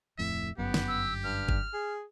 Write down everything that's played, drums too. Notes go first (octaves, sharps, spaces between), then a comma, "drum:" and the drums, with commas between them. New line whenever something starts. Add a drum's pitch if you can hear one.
D1 F2 A2 E5
G1 F#2 B3 G4
drum: snare
E6
G2 F6
drum: kick G1
G#4